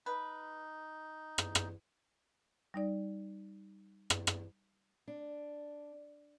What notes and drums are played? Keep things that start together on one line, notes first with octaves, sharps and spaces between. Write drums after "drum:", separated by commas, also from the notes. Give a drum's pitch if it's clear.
D#4 B4
drum: rim click
drum: rim click
G3 D#4 D5
drum: rim click
drum: rim click
D4